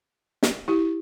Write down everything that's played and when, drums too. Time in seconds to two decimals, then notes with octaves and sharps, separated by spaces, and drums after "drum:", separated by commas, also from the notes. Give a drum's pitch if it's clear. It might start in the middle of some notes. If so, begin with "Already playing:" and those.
0.43 drum: snare
0.68 E4 G4